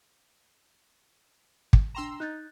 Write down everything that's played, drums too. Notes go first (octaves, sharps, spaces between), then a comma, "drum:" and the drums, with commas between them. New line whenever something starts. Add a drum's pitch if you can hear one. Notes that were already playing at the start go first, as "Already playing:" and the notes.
drum: kick
D4 G5 A#5 C6 E6 E7
D#4 F#6 G6 A6